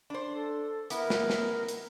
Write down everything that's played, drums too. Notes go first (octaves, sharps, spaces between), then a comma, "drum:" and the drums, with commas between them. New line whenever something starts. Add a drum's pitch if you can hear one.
D4 C5
A4
B3 E4 A#4, drum: hi-hat
drum: snare
drum: snare
drum: hi-hat